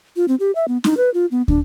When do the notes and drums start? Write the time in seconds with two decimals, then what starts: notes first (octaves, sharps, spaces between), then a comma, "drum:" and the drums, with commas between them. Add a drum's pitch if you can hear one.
0.16 F4
0.28 C4
0.40 G4
0.55 E5
0.68 B3
0.84 D#4, drum: snare
0.97 B4
1.14 F4
1.31 B3
1.48 D4, drum: kick